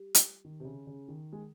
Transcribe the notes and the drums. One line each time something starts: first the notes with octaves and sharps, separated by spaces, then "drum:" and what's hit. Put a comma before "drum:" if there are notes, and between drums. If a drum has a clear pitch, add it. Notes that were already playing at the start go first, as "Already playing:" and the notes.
Already playing: G3 G4
drum: hi-hat
D#3
C3
C#3
C#3
D#3
G#3